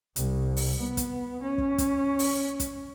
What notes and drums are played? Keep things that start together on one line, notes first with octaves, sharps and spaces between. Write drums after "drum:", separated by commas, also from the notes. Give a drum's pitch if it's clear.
C2, drum: hi-hat
drum: open hi-hat
B3
drum: kick, hi-hat
C#4
drum: kick
drum: kick, hi-hat
drum: open hi-hat
drum: kick, hi-hat